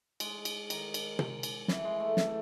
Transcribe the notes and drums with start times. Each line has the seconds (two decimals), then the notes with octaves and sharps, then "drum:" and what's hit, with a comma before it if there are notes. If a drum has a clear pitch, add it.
0.20 G#3, drum: cymbal
0.45 drum: cymbal
0.70 D#3, drum: cymbal
0.94 drum: cymbal
1.19 drum: tom
1.43 drum: cymbal
1.68 E3, drum: snare
1.84 G#3
2.00 A3
2.17 A3, drum: snare